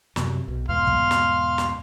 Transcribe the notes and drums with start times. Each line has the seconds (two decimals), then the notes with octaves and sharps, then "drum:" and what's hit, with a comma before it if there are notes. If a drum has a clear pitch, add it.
0.16 F#2 C3 F#3, drum: snare
0.48 B1
0.69 E2 G#2 B2 F5 C6 F6
0.87 drum: kick
1.11 drum: snare
1.58 drum: snare